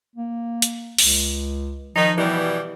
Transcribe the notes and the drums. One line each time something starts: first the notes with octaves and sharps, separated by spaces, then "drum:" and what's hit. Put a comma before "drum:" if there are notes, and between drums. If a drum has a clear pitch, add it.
A#3
drum: hi-hat
C#2, drum: open hi-hat
D#3 F3 D#4
B2 E3 G3